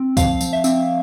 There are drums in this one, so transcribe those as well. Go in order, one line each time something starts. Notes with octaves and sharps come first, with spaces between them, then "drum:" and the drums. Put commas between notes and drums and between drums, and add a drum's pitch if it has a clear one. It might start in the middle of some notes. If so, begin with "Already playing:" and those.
Already playing: C4
F3 F5, drum: kick C#2, tambourine
F3, drum: tambourine
E5
C4, drum: tambourine